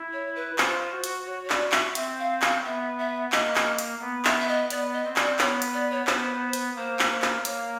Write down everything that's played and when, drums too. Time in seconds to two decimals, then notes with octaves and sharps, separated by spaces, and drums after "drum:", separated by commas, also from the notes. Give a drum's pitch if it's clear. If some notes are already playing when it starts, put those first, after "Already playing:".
Already playing: E4
0.13 C#5
0.35 B4
0.58 F4 C5, drum: clap
0.92 F#4
1.04 drum: hi-hat
1.26 F#4 C#5
1.44 C#5
1.50 D5, drum: clap
1.72 E5, drum: clap
1.95 C4 E5, drum: hi-hat
2.18 F5
2.42 F5, drum: clap
2.64 B3 E5
2.98 E5
3.32 A#3 D#5, drum: clap
3.56 drum: clap
3.79 drum: hi-hat
4.01 B3
4.25 E5, drum: clap
4.39 E5
4.48 D#5
4.70 B3 D5, drum: hi-hat
4.93 D#5
5.04 C4
5.16 D5, drum: clap
5.39 B3 C#5, drum: clap
5.62 drum: hi-hat
5.73 D5
5.91 C#5
6.07 B3 C5, drum: clap
6.53 drum: hi-hat
6.76 A#3 C5
6.99 drum: clap
7.10 C5
7.22 drum: clap
7.45 A#3 C#5, drum: hi-hat